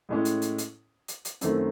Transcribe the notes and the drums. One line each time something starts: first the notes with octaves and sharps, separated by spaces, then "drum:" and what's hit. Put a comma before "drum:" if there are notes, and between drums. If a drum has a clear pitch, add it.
A2 G#3 C#4
drum: hi-hat
drum: hi-hat
drum: hi-hat
drum: hi-hat
drum: hi-hat
F#2 D#3 A3 C4, drum: hi-hat